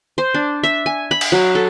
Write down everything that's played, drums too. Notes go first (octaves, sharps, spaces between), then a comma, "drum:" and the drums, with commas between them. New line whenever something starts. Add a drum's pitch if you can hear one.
C5
D4
E5
G#5
B5
drum: cymbal
F#3
A4